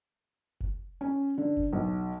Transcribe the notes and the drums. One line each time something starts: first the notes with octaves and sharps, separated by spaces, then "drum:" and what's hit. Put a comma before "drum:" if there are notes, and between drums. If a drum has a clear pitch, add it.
drum: kick F1
C#4
D3
drum: kick F1
B1